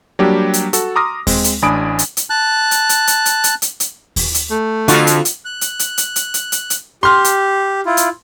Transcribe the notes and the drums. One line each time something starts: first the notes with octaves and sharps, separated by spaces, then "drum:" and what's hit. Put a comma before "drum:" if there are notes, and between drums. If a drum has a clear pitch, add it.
F#3 G3 A#3 D4 G4
drum: hi-hat
F#4 A4, drum: hi-hat
A#5 C6 D6 D#6 F6 A#6
G#3 C4, drum: kick D#2, open hi-hat
drum: hi-hat
A1 D4 G#5 B5 D#6 D7
drum: hi-hat
drum: hi-hat
A5 F#6
drum: hi-hat
drum: hi-hat
drum: hi-hat
drum: hi-hat
drum: hi-hat
drum: hi-hat
drum: hi-hat
drum: kick D#2, open hi-hat
drum: hi-hat
A3
F2 D3 F4 F#4, drum: hi-hat
drum: hi-hat
drum: hi-hat
F#6
drum: hi-hat
drum: hi-hat
drum: hi-hat
drum: hi-hat
drum: hi-hat
drum: hi-hat
drum: hi-hat
G4 C6 F6
drum: hi-hat
E4 F4
drum: hi-hat